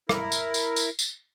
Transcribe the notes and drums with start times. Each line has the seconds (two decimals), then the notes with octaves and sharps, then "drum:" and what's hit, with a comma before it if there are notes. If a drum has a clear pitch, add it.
0.09 E4 A#4, drum: rim click
0.32 drum: tambourine
0.54 drum: tambourine
0.76 drum: tambourine
0.99 drum: tambourine